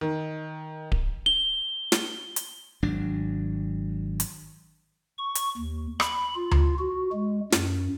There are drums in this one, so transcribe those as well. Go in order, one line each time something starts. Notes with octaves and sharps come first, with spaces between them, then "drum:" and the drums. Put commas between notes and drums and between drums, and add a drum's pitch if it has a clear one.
D#3
drum: kick D1
G7
drum: snare
drum: hi-hat
G#1 F#3 D4
drum: hi-hat
C#6
drum: hi-hat
D#2
B5, drum: rim click
F4
drum: tom D2
F#4
G#3
F#2, drum: snare